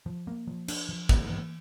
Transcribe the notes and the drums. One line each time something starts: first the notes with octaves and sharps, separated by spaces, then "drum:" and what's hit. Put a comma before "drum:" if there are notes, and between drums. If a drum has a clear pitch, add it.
F3
A#3
F3
D4, drum: cymbal
F3
A#3, drum: kick
E3